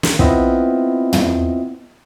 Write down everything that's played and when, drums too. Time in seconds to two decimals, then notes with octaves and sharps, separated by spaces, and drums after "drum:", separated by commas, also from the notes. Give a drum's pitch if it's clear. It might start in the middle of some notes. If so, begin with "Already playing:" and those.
0.03 drum: snare
0.19 B3 C4 E4 F4 D#5 E5, drum: kick
1.13 drum: tom